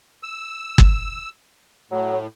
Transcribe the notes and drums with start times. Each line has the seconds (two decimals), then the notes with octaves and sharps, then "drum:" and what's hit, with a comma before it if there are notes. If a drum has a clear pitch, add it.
0.23 E6
0.78 drum: kick G1
1.91 A2 F#3